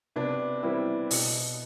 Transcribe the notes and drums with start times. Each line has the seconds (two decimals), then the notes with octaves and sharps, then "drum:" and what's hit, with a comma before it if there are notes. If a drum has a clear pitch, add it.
0.16 C3 B3 D4
0.63 E3 G3 C4 E4
1.11 B2, drum: open hi-hat